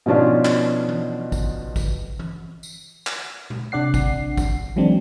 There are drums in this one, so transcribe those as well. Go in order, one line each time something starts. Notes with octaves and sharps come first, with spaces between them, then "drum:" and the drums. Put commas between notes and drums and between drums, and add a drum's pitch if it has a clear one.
B2 D#3 F3 C#4 D4 F4
drum: clap
drum: tom E3
drum: kick G#1, tambourine
drum: kick G#1, tambourine
drum: tom E3
drum: tambourine
drum: clap
drum: tom A#2
C3 D4 D5 F#5 C7
drum: kick G#1, tambourine
drum: kick G#1, tambourine
E3 F#3 G#3 C4 D4